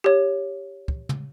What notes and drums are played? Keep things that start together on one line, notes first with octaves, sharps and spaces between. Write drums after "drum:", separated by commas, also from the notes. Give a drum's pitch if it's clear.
G4 C#5
drum: kick
drum: tom